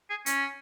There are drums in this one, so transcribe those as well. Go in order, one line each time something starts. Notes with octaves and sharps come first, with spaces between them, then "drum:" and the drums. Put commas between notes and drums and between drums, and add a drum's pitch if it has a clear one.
G#4
C#4, drum: hi-hat